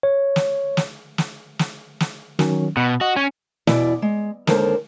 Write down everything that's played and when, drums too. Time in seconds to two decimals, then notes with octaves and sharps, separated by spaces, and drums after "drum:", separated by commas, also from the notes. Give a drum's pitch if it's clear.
0.03 C#5
0.36 drum: snare
0.77 drum: snare
1.18 drum: snare
1.59 drum: snare
2.00 drum: snare
2.39 D#3 F#3 C#4, drum: snare
2.77 B2 F#5 B5
3.01 F#4 D#5
3.16 C#4 G#5
3.67 E2 B2 E4 D5 G#5, drum: snare
4.02 G#3
4.47 D#2 D3 G#3 A4 A#4 C5, drum: snare